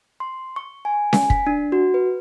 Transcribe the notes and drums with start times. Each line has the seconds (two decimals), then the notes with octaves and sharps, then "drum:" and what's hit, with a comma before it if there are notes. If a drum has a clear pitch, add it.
0.20 C6
0.56 C#6
0.85 G#5
1.13 G#5, drum: snare C#4
1.30 B6, drum: kick
1.47 D4
1.72 F#4
1.94 B4